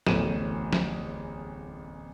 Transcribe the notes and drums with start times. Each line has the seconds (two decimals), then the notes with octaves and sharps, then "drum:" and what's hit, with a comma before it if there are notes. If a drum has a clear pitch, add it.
0.07 D1 A1 E2 A3 D#7 E7, drum: snare
0.73 drum: snare